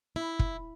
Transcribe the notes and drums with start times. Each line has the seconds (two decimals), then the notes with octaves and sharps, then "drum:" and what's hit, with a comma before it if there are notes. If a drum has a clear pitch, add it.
0.16 E4
0.39 drum: kick